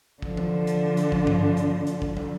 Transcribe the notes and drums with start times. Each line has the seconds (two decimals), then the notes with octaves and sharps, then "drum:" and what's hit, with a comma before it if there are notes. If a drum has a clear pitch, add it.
0.22 D3 F3, drum: kick
0.37 drum: tom D#3
0.67 drum: hi-hat
0.97 drum: hi-hat
1.12 drum: kick
1.27 drum: tom G2
1.57 drum: hi-hat
1.87 drum: hi-hat
2.02 drum: kick
2.17 drum: tom